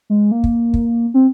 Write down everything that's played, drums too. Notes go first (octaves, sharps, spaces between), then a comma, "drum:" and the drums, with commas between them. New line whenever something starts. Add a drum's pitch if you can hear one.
G#3
A#3
drum: kick
drum: kick
C4